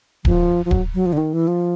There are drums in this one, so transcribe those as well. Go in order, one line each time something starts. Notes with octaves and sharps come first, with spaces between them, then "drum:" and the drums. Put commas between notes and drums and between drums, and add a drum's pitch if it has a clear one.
F3, drum: kick D1
F3
F#3, drum: kick D1
F#3
F3
D3
D#3
E3
F3